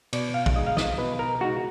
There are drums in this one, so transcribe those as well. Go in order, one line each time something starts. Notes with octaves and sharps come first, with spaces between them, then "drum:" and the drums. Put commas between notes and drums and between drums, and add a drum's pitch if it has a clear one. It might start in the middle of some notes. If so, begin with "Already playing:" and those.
B2 D5, drum: cymbal
F5
drum: kick
G#3 D#4 D#5
F5
D#5, drum: snare
B2 B4
A#4
G#3 D#4 F#4